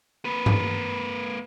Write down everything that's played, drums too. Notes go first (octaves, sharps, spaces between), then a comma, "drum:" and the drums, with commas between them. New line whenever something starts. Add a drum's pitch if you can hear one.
A#3 B4
drum: tom G2